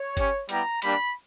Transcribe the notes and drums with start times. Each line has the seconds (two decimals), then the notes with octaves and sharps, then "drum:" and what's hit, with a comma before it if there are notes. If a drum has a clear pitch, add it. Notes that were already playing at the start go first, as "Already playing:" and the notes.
Already playing: C#5
0.17 C#4 G4, drum: kick G1, hi-hat
0.49 G3 B3 E4 G4 A#5, drum: hi-hat
0.82 G3 A#3 D4 G4 B5, drum: hi-hat